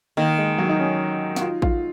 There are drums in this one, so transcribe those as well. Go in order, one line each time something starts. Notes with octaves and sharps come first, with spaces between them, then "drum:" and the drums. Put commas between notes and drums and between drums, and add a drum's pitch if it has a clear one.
D#3 A#3
G#3
F#3
D#4
C#4
F#4, drum: snare
F4
F4, drum: kick A1